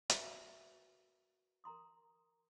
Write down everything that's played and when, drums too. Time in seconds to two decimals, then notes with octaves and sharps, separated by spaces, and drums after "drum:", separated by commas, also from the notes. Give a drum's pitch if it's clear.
0.10 F#4 A#4 B4 E5 A#5 B5, drum: hi-hat
1.64 A#4 A#5 C6 D#6